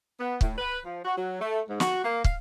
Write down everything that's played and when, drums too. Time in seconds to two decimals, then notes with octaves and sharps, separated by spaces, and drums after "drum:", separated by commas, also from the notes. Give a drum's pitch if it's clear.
0.20 B3
0.41 A2, drum: kick
0.58 B4
0.85 F3
1.05 F#4
1.17 F#3
1.40 A3
1.68 G#2
1.80 F#4, drum: snare
2.04 A#3
2.24 F5, drum: kick